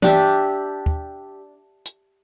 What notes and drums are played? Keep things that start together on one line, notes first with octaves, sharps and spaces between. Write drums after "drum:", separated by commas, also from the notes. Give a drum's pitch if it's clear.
D4 G4 E5, drum: tom E3
drum: kick
drum: hi-hat